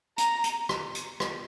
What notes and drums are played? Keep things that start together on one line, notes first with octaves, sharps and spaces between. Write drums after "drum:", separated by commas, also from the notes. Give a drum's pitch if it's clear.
A#5, drum: hi-hat
drum: hi-hat
drum: rim click
drum: hi-hat
drum: rim click